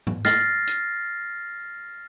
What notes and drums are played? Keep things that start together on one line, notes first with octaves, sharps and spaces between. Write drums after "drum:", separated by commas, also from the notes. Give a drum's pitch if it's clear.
drum: tom G#2
F6 A6 A#6 C7, drum: snare
drum: hi-hat